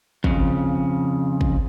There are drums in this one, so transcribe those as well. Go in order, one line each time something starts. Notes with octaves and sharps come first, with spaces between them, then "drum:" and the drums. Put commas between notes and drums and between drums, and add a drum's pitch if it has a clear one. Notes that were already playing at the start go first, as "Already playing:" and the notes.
F2 C#3, drum: kick
drum: kick